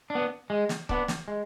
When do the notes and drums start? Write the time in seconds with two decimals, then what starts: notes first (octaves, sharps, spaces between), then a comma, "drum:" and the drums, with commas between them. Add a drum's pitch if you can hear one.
0.10 D4
0.15 B3
0.50 G#3
0.69 drum: snare
0.89 B3 D4, drum: kick C#1
1.08 drum: snare
1.28 G#3